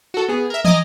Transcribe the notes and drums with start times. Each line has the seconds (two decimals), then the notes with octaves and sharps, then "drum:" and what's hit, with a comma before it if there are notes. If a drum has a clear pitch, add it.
0.14 F#4 A4
0.28 B3 G#4
0.50 A#4 E5
0.65 D#5 G#5 A#5 D6 A#6, drum: tom